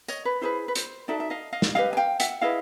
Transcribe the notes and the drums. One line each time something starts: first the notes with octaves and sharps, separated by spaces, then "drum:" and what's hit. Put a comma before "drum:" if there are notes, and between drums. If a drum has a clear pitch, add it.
C#5 D#5, drum: tambourine
B4
E4 G#4 B4 C5
B4
C5, drum: hi-hat
D#4 F#4 A4 D5 E5
E5
D#5 F5
D#5 F5
drum: snare
E4 G4 B4 D#5 F5
G#5
F5 G5
E5 F#5, drum: hi-hat
E4 G#4 B4 D#5 F5